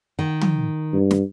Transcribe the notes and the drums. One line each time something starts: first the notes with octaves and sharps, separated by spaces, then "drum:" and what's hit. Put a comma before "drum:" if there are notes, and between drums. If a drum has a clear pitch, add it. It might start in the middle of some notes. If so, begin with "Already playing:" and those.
D#3
drum: tom
G2
drum: snare